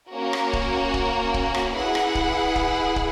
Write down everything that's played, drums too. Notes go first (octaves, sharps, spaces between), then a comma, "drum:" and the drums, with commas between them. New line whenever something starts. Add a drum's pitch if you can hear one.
A#3 C#4 F#4 A#4
drum: rim click
drum: kick
drum: kick
drum: kick
drum: rim click
E4 G#4 B4 F#5
drum: rim click
drum: kick
drum: kick
drum: kick